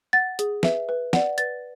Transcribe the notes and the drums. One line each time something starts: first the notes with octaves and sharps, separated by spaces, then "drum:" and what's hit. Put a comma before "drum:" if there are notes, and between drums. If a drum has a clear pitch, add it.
F#5 A6
G#4, drum: hi-hat
B4 E5, drum: snare
B4
D5 F#5, drum: snare
B4 A6, drum: hi-hat